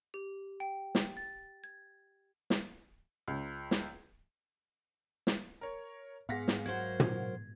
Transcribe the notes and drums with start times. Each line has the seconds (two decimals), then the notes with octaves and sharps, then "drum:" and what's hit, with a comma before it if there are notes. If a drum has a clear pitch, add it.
0.14 G4
0.60 G5
0.95 drum: snare
1.17 A6
1.64 G#6
2.50 drum: snare
3.28 C#2
3.71 drum: snare
5.27 drum: snare
5.61 A#4 C#5
6.29 G#2 B3 G#4 F5 F#5 A#6
6.48 drum: snare
6.66 F#3 A#4 C5 G#6
7.00 drum: tom